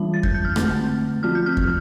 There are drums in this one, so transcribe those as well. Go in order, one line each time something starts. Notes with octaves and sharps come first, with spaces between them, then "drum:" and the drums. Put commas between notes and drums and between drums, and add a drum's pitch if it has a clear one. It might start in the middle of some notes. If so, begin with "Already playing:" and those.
Already playing: E3 G3 D4 F4 A5
A6
G6, drum: kick F2
G6
F6
D3 A3 C4 G6, drum: rim click
F3 C4 F4 F6
G6
F6
drum: kick F2